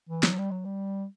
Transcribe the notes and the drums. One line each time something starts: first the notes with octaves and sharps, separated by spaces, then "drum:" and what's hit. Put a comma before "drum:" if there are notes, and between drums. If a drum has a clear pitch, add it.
E3
F#3, drum: snare
G3
F#3
G3